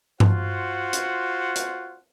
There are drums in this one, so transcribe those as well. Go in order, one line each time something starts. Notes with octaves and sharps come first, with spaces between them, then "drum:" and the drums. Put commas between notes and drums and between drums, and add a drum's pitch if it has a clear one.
F4 F#4 C5 F#5, drum: tom G2
drum: hi-hat
drum: hi-hat